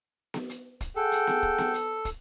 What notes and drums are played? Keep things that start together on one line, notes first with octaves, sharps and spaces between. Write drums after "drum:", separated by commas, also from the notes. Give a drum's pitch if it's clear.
drum: snare B3
drum: hi-hat
drum: kick, hi-hat
G#4 A4 F#5 G5
drum: hi-hat
drum: snare B3
drum: kick
drum: snare B3
drum: hi-hat
drum: kick, hi-hat